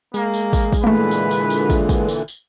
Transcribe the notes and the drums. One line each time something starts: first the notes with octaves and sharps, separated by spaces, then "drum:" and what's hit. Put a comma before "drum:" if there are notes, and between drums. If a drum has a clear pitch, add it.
G#3 A#3, drum: tambourine
drum: tambourine
drum: kick, tambourine
drum: kick, tambourine
A#2 D3 E3 A3 A#3 B4
drum: tambourine
drum: tambourine
drum: tambourine
drum: kick, tambourine
drum: kick, tambourine
drum: tambourine
drum: tambourine